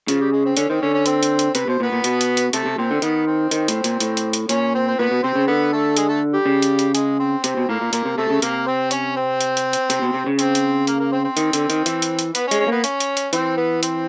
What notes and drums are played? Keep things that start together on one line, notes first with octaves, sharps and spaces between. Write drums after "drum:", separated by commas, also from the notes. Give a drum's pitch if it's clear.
C#3 F3 F4, drum: hi-hat
G3 G4
G#3 G#4
C4 C5
D3 C#4 C#5, drum: hi-hat
D#3 C4 C5
D3 C#4 C#5
C#4 C#5
C4 C5, drum: hi-hat
drum: hi-hat
drum: hi-hat
C3 B4, drum: hi-hat
B2 C5
A#2 B3 B4
A#2
B2, drum: hi-hat
drum: hi-hat
drum: hi-hat
C3 A3 A4, drum: hi-hat
C3
A#2 C4 C5
D3
D#3 B3 B4, drum: hi-hat
C4 C5
D#3, drum: hi-hat
A2, drum: hi-hat
A#2, drum: hi-hat
A2, drum: hi-hat
drum: hi-hat
drum: hi-hat
A#2 C#4 C#5, drum: hi-hat
C4 C5
C5
A#2 B3 B4
B2
C3 C4 C5
C#3
D3 B3 B4
A3 A4
G#3 G#4, drum: hi-hat
A3 A4
G3 G4
C#3
drum: hi-hat
drum: hi-hat
G#3 G#4, drum: hi-hat
C4 C5
C3 C4 C5, drum: hi-hat
B2
A2 A#3 A#4
A#2
A#2 A#3 A#4, drum: hi-hat
C3
C3 A3 A4
C#3
C3 A#3 A#4, drum: hi-hat
C4 C5
C#4 C#5, drum: hi-hat
C4 C5
drum: hi-hat
drum: hi-hat
drum: hi-hat
C3, drum: hi-hat
B2
C3
C#3
C4 C5, drum: hi-hat
drum: hi-hat
A#3 A#4, drum: hi-hat
A#3 A#4
C4 C5
C4 C5
D#3, drum: hi-hat
D3, drum: hi-hat
D#3, drum: hi-hat
E3, drum: hi-hat
drum: hi-hat
drum: hi-hat
B3 B4, drum: hi-hat
C#4 C#5
G#3, drum: hi-hat
C#4 C#5
A#3 B3 B4
C#4 C#5, drum: hi-hat
drum: hi-hat
drum: hi-hat
E3 C4 C5, drum: hi-hat
B3 B4
C4 C5, drum: hi-hat